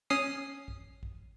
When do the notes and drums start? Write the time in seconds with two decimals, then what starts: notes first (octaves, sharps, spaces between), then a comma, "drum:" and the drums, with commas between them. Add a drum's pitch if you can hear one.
0.10 C#4 D#6 C7
0.68 drum: kick
1.03 drum: kick